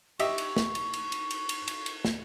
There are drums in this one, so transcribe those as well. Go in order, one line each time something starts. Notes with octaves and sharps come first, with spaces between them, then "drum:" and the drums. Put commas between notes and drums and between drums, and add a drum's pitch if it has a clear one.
G4 D#5 E5 C#6, drum: cymbal
drum: cymbal
drum: snare
drum: cymbal
drum: cymbal
drum: cymbal
drum: cymbal
drum: cymbal
drum: cymbal
drum: cymbal
drum: snare